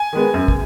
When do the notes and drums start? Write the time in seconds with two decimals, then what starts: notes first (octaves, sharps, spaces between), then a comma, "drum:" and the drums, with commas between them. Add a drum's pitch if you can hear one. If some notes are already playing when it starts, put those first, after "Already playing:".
Already playing: G#5
0.13 D#3 G#3 B3
0.34 F#2
0.48 drum: kick